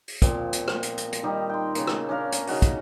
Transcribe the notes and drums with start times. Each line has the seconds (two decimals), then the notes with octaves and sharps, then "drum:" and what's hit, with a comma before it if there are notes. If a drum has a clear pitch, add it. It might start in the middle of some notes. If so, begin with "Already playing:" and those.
0.08 drum: open hi-hat
0.22 A#2 F3 C4, drum: kick, hi-hat
0.53 drum: hi-hat
0.68 drum: rim click
0.83 drum: hi-hat
0.98 drum: hi-hat
1.13 drum: hi-hat
1.23 D#3 G3 D#4
1.49 G5 C6
1.75 C#3 A#3, drum: hi-hat
1.87 drum: rim click
2.09 C#4 D4 A#4 F5
2.32 drum: hi-hat
2.47 C#3 D#4 F#4 A#5, drum: open hi-hat
2.62 drum: kick, hi-hat